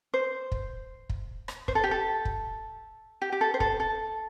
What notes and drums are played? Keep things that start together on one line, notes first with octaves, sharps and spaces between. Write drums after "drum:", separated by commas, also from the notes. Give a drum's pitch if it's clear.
C5
drum: kick
drum: kick
drum: rim click
C5, drum: kick
A4
G4
A4
drum: kick
G4
G4
A4
C5
A4, drum: kick
A4